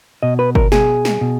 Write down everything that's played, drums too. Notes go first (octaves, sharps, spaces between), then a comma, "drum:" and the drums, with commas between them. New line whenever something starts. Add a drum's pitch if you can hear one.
B2 D#5
B4
A#4, drum: kick G1
B2 G#4, drum: snare
drum: snare
B2